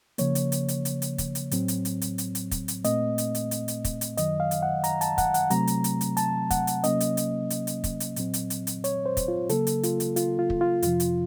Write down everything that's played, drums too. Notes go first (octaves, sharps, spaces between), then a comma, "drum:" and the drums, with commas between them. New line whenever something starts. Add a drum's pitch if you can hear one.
C#3 F3 A#3 C#5, drum: hi-hat
drum: hi-hat
drum: hi-hat
drum: hi-hat
drum: hi-hat
drum: hi-hat
drum: kick, hi-hat
drum: hi-hat
A2 F#3 C4, drum: hi-hat
drum: hi-hat
drum: hi-hat
drum: hi-hat
drum: hi-hat
drum: hi-hat
drum: kick, hi-hat
drum: hi-hat
A#2 A3 C4 D#5, drum: hi-hat
drum: hi-hat
drum: hi-hat
drum: hi-hat
drum: hi-hat
drum: kick, hi-hat
drum: hi-hat
F#2 D#3 F#3 D#5, drum: hi-hat
F5
drum: hi-hat
F#5
A#5, drum: hi-hat
A5, drum: hi-hat
F#5, drum: kick, hi-hat
F#5, drum: hi-hat
C3 F#3 A3 C4 A#5, drum: hi-hat
drum: hi-hat
drum: hi-hat
drum: hi-hat
A5, drum: hi-hat
F#5, drum: kick, hi-hat
drum: hi-hat
C3 F#3 A#3 C#4 D#5, drum: hi-hat
drum: hi-hat
drum: hi-hat
drum: hi-hat
drum: hi-hat
drum: kick, hi-hat
drum: hi-hat
A#2 F#3 C4, drum: hi-hat
drum: hi-hat
drum: hi-hat
drum: hi-hat
C#5, drum: hi-hat
C5
drum: kick, hi-hat
F4
C#3 F#3 A#3 A4, drum: hi-hat
drum: hi-hat
F4, drum: hi-hat
drum: hi-hat
F4, drum: hi-hat
F4
drum: kick
F4
F2 C3 F3 F4, drum: hi-hat
drum: hi-hat